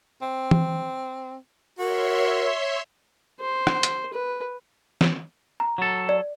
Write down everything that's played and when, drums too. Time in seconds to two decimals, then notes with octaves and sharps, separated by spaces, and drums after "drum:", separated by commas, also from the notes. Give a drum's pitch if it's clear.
0.22 C4
0.51 drum: tom E3
1.79 F#4 A#4 C#5 E5 C6
3.40 C5
3.67 drum: rim click
3.83 drum: hi-hat
4.13 B4
5.01 drum: snare
5.60 A#5
5.78 F#3 A4
6.09 D5